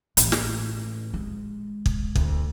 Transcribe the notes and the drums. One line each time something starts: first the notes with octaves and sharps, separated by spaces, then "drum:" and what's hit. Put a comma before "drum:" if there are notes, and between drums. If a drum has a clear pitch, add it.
A1, drum: hi-hat
drum: snare
G#3
drum: kick
D2, drum: kick